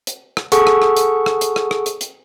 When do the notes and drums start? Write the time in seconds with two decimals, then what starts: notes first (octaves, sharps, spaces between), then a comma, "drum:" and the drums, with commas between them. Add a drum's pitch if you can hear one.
0.07 drum: hi-hat
0.37 drum: rim click
0.52 G#4 A4 F#5 C#6, drum: hi-hat
0.67 drum: rim click
0.82 drum: rim click
0.97 drum: hi-hat
1.26 drum: rim click
1.41 drum: hi-hat
1.56 drum: rim click
1.71 drum: rim click
1.86 drum: hi-hat
2.01 drum: hi-hat